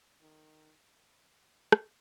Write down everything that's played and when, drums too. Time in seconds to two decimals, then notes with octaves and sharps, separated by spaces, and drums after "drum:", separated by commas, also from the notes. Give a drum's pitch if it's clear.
0.21 D#3
1.72 drum: rim click